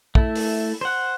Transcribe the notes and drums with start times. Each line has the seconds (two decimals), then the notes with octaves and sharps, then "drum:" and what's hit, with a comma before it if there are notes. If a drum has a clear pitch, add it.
0.15 A3 E4, drum: kick
0.35 drum: open hi-hat
0.81 C5 F#5